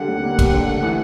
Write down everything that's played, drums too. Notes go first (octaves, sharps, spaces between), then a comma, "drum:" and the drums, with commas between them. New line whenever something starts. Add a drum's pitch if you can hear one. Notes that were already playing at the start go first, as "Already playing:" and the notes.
Already playing: D3 G3 F#5
D#2
A#3
G3, drum: kick, cymbal
D3
A3
E3